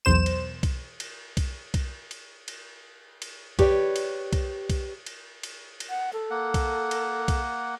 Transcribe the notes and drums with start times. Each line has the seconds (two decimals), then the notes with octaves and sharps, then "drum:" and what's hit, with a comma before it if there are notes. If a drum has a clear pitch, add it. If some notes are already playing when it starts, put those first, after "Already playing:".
0.05 B1 E2 C5 E7
0.26 drum: cymbal
0.63 drum: kick B1, cymbal
1.00 drum: cymbal
1.37 drum: kick B1, cymbal
1.74 drum: kick B1, cymbal
2.11 drum: cymbal
2.48 drum: cymbal
3.22 drum: cymbal
3.59 G4 B4 C#5 D5, drum: kick B1, cymbal
3.96 drum: cymbal
4.33 drum: kick B1, cymbal
4.70 drum: kick B1, cymbal
5.06 drum: cymbal
5.43 drum: cymbal
5.80 drum: cymbal
5.89 F#5
6.13 A4
6.31 A#3 F#5
6.54 drum: kick B1, cymbal
6.91 drum: cymbal
7.28 drum: kick B1, cymbal